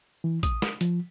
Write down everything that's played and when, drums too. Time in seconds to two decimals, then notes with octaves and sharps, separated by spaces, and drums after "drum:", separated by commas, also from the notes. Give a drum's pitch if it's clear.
0.24 E3
0.43 D#6, drum: kick A1, hi-hat
0.62 drum: snare
0.81 F3, drum: hi-hat